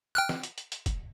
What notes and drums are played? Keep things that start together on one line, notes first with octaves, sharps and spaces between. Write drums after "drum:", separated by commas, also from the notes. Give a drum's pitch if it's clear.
G5 F6 F#6
drum: snare
drum: hi-hat
drum: hi-hat
drum: hi-hat
drum: kick, hi-hat